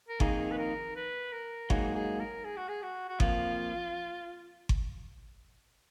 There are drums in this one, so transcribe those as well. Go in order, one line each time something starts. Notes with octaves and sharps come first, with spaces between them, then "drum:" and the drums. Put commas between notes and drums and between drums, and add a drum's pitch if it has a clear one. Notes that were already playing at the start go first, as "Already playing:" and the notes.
A#4
F2 D#3 A#3 D#4 G#4, drum: kick G1
B4
A#4
B4
A#4
G#2 F#3 A#3 D#4 G#4, drum: kick G1
G#4
A#4
G#4
F#4
G#4
F#4
F#4
F2 F3 A#3 F4, drum: kick G1
drum: kick G1